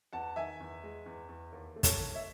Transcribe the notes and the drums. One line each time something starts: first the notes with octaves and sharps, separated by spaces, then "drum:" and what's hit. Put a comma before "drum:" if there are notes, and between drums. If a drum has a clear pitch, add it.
E2 F#5 A5
D#3 E5 G#5
E2
G#3
E2
E2
D#2
A3
A4 C#5, drum: kick, hi-hat
D#2
C#5 E5